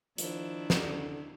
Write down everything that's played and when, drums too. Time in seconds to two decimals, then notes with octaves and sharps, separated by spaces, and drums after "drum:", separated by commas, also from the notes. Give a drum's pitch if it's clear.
0.18 D#3 F3 D4 E4, drum: hi-hat
0.70 D3, drum: snare